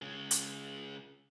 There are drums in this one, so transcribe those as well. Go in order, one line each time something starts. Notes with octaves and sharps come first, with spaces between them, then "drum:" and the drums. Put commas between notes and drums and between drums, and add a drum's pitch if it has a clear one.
C#3 G#3
drum: hi-hat